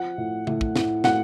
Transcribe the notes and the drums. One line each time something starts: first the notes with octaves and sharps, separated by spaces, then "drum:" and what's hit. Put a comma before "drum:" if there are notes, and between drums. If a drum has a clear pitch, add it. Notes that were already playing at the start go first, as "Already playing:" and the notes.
Already playing: F3 F#5
A2
A2, drum: tom C#3
drum: kick
A2, drum: snare
A2 F#5, drum: snare